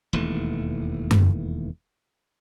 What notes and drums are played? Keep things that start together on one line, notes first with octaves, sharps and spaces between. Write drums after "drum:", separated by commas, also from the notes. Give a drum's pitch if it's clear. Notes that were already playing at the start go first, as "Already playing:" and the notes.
E1 D#2 E3 A3
drum: tom F#2